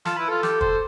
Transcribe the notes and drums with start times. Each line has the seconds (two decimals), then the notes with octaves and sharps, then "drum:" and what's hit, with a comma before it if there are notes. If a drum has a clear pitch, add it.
0.05 F4 A4, drum: snare
0.17 E4 B4
0.28 F4 A4
0.43 G4, drum: snare
0.61 C5, drum: kick